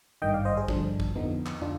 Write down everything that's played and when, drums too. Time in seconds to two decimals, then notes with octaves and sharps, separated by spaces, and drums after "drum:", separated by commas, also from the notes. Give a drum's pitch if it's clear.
0.22 G#1 G2 D#3 D#5 G5
0.34 D5 F5
0.45 C5 D#5
0.57 G#4 C5
0.68 G2 D3 F3 D4, drum: kick
1.00 drum: kick
1.15 F2 D3 F3 B3 D#4
1.46 drum: clap
1.61 D3 D4 F4, drum: tom